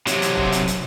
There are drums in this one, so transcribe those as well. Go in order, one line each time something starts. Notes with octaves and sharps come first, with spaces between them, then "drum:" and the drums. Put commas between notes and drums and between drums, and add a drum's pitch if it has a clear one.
C3 F#3, drum: hi-hat
drum: hi-hat
drum: kick
drum: hi-hat
drum: hi-hat